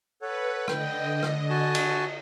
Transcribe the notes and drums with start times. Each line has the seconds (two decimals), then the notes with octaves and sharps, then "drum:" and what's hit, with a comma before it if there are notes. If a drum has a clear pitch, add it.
0.22 A4 B4 C#5 F#5
0.68 D3 D#5 G5, drum: rim click
1.23 drum: rim click
1.50 F#4 G#5 A5
1.75 drum: cymbal